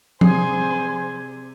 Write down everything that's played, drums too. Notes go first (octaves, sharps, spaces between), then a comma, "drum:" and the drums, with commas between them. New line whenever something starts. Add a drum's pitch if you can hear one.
C3 C4 G#4 C5 D5 G#5 D#6 C7, drum: tom F3